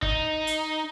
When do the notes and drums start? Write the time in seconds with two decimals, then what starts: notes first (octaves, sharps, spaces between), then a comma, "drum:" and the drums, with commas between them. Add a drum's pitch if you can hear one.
0.02 D#4, drum: kick
0.47 drum: hi-hat